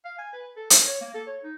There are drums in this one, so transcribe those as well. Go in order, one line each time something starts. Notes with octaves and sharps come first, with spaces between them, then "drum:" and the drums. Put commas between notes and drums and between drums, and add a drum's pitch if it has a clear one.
F5
G#5
B4
A4
A#4, drum: hi-hat
C#5
A#3
A4
C#5
D#4